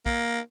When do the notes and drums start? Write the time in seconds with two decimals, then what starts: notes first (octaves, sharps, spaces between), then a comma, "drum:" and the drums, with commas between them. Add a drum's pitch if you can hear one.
0.06 A#3, drum: kick